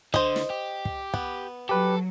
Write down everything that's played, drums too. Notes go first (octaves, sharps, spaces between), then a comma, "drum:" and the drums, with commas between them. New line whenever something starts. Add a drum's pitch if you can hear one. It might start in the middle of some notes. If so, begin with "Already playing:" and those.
D3 C5 D#5, drum: kick
drum: snare
G4
drum: kick
B3, drum: kick
F#3 G4 A4 B4